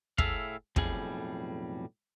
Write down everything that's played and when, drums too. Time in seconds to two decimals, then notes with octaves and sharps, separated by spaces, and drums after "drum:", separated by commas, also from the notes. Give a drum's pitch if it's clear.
0.18 A2 G#4 A4 E5 F5, drum: kick
0.76 B1 F2 A2 G3 G#4, drum: kick